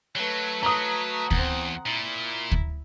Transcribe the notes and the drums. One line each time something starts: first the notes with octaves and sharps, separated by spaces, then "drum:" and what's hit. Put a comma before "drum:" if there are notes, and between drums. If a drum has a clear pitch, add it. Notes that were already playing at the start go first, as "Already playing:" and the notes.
F#3 A3 B4
F#3 A#5 D#6
E2 C4 F#5, drum: kick D2
A#2 E4
drum: kick D2